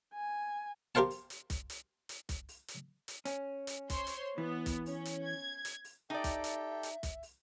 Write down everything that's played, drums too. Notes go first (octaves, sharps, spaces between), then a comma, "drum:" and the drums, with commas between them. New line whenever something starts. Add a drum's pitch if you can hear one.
G#5
G4 A#4 C5 F5 A5
drum: open hi-hat
drum: hi-hat
drum: kick, hi-hat
drum: hi-hat
drum: hi-hat
drum: kick, hi-hat
drum: open hi-hat
drum: hi-hat
drum: hi-hat
C#4, drum: hi-hat
drum: hi-hat
C5 C#5 C6, drum: kick, hi-hat
drum: hi-hat
E3 B3
drum: kick, hi-hat
C#4, drum: open hi-hat
drum: hi-hat
G#6
drum: hi-hat
drum: open hi-hat
D#4 G4 A4 D5 E5 G5
drum: kick, hi-hat
drum: hi-hat
drum: hi-hat
drum: kick, hi-hat
drum: open hi-hat